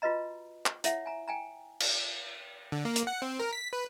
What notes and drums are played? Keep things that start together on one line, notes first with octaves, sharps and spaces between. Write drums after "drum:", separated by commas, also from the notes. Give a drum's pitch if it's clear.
F4 F#4 B4 D#5 A#5
drum: clap
E4 C#5 E5 F#5, drum: hi-hat
G#5 A#5
G5 G#5 A#5
drum: cymbal
D3
A#3
drum: hi-hat
F#5
C4
A#4
B6
B4